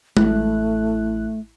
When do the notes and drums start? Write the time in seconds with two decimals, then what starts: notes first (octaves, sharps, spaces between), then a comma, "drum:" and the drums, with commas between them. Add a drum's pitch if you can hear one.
0.17 A1 A3 E4 F#6, drum: tom G#3